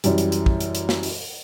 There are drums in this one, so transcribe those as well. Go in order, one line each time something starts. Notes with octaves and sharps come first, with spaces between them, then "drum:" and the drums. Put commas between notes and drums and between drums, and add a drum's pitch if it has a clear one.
F#2 E3 G3, drum: hi-hat
drum: hi-hat
drum: hi-hat
drum: kick
drum: hi-hat
drum: hi-hat
drum: snare
drum: open hi-hat